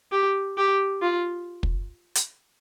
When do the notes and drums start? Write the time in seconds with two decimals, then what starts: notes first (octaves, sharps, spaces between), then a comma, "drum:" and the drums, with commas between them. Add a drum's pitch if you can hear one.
0.12 G4
0.58 G4
1.02 F4
1.63 drum: kick
2.15 drum: hi-hat